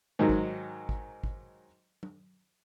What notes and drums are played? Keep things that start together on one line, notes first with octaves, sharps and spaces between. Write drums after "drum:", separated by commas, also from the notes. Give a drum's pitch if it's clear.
G#2 D#3 F#3 G#3
drum: kick
drum: kick
drum: kick
drum: tom F#3